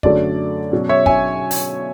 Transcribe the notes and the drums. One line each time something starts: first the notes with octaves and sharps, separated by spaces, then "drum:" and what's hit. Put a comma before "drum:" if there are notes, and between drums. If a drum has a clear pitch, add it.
F#2 D3 F#3 A3 D5, drum: kick
B2 F#3 C#4
C#5 E5
E5 G#5, drum: kick
drum: open hi-hat